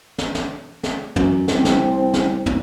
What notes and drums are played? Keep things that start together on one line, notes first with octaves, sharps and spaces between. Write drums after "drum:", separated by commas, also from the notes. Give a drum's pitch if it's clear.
drum: snare
drum: snare
drum: snare
F#2, drum: tom
C2 C4, drum: snare
drum: snare
drum: snare
drum: tom